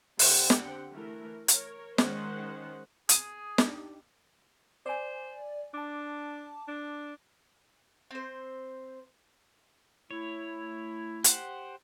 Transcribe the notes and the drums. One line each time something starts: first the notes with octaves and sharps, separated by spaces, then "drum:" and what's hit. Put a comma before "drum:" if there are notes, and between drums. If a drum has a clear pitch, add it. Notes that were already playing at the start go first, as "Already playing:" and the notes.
D3 C4 G4 F#5 G5, drum: open hi-hat
drum: snare
E3 A3 A#4
A#4 C#5, drum: hi-hat
D#3 G#3 C#4 D#4 C5 F#5, drum: snare
G#4 D#6 D#7, drum: hi-hat
D4 D#4 G4, drum: snare
C5 D5 G#5
D4 A5 D6
D4
C4 C5
A3 E4 C#5
G4 C5 F#5, drum: hi-hat